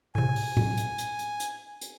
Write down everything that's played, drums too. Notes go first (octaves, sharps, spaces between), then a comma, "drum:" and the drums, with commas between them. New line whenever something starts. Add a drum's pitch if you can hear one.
A2 C3 G#5
drum: open hi-hat
drum: tom A2
drum: hi-hat
drum: hi-hat
drum: hi-hat
drum: hi-hat
drum: hi-hat